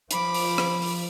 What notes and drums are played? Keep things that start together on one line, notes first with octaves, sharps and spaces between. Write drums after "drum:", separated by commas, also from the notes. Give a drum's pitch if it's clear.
F3 B5 D6, drum: hi-hat
drum: open hi-hat
drum: rim click
drum: open hi-hat